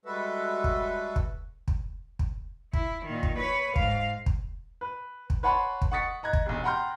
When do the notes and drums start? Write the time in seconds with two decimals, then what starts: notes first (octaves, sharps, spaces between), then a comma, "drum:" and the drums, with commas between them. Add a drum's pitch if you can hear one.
0.05 G3 G#3 F#4 A4 B4 E5
0.64 drum: kick
1.16 drum: kick
1.68 drum: kick
2.19 drum: kick
2.73 E4, drum: kick
3.06 A#2 D#3
3.23 drum: kick
3.38 B4 C#5
3.76 G#2 F5, drum: kick
4.26 drum: kick
4.81 B4
5.30 drum: kick
5.43 B4 C#5 F#5 A5 B5 C6
5.82 drum: kick
5.91 F#5 C#6 D#6 A6 B6 C#7
6.23 D#5 A#5 F#6 G#6
6.33 drum: kick
6.46 E1 B1
6.64 F#5 G5 A#5 C6 F6 G6